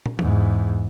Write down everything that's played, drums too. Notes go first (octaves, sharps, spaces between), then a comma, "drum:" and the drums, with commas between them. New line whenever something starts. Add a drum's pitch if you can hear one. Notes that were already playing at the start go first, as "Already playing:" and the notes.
drum: tom
E2 G#2, drum: tom E3